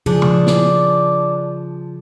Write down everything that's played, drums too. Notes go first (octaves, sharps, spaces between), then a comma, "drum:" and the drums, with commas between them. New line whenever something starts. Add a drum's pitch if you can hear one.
C#3 F3 D4 G#4
drum: tom
drum: snare